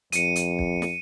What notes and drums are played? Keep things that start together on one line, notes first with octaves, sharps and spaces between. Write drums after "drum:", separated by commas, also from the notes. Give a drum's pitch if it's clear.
F2 C#7 D#7, drum: hi-hat
drum: hi-hat
drum: kick
drum: snare